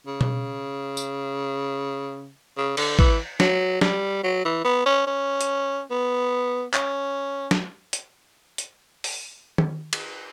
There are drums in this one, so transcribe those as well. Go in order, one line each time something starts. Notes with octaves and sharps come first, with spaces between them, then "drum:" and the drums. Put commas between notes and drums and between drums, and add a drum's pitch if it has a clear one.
C#3
drum: tom B2
drum: tambourine
C#3
D3, drum: cymbal
E3, drum: kick
F#3, drum: snare
G3, drum: snare
F#3
E3
B3
C#4
C#4
drum: hi-hat
B3
C#4, drum: clap
drum: snare
drum: hi-hat
drum: hi-hat
drum: open hi-hat
drum: tom D#3
drum: cymbal